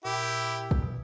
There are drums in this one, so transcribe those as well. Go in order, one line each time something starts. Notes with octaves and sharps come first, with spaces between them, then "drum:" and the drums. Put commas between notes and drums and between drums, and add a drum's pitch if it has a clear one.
A#2 E4 G4
drum: kick
B2